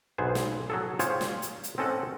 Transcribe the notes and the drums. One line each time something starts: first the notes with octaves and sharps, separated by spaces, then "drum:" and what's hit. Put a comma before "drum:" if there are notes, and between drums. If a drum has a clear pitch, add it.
B1 B3 G#4 C5 G#5
drum: snare
F#3 G#4 A4
F4 G4 G#4 C5 C#5, drum: hi-hat
drum: snare
drum: hi-hat
drum: hi-hat
C4 C#4 A4 D#5 F#5